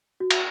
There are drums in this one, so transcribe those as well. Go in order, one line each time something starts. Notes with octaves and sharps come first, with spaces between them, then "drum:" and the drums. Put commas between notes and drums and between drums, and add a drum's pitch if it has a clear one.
F#4
drum: cymbal